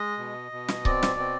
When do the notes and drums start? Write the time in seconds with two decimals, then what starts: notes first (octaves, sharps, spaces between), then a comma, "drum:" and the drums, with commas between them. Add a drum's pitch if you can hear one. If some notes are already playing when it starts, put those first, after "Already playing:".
Already playing: G#3 D#5
0.18 B2
0.52 B2
0.68 drum: snare
0.85 C4 D5, drum: kick C#1
1.03 drum: snare
1.19 C4